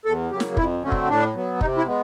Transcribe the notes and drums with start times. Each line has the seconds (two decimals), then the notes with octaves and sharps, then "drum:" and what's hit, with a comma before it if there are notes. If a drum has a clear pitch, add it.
0.05 E2 A4
0.31 C#3 F#3 A#3 G4
0.40 drum: snare
0.57 F2 E4, drum: kick
0.83 D3 F#3 A3 C4 C#4
0.92 drum: kick
1.09 A2 D4
1.35 F#3 B3
1.61 C3 D#4, drum: kick
1.77 E4
1.86 G#3 B3